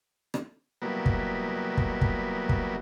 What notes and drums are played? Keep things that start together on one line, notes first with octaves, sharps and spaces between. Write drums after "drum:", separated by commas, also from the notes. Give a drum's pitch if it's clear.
drum: rim click
F#3 G3 A#3 B3 E4 F#4
drum: kick
drum: kick
drum: kick
drum: kick